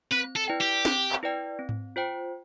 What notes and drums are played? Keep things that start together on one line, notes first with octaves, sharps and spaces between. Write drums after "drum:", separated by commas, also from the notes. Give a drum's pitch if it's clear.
C4 B4
A4
E4 B4 D5 G5
G4
C4, drum: snare
drum: clap
E4 B4 D5 G5
C4
drum: tom G#2
F4 C5 G5